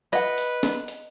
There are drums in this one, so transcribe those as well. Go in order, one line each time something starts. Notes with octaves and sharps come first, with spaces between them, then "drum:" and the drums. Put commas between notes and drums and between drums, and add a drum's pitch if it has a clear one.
B4 D#5 F#5, drum: hi-hat
drum: hi-hat
drum: snare
drum: hi-hat